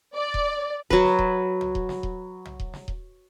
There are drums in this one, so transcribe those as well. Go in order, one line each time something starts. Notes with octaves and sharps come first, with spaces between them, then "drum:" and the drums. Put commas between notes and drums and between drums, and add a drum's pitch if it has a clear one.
D5
drum: kick D#1
F#3 B4, drum: kick D#1
drum: snare
drum: kick D#1
drum: tom B1
drum: kick D#1
drum: snare
drum: kick D#1
drum: tom B1
drum: kick D#1
drum: snare
drum: kick D#1